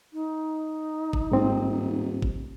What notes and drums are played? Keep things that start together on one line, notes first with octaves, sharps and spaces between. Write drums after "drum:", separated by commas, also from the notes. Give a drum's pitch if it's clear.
D#4
drum: kick
D#1 G#2 C4
drum: kick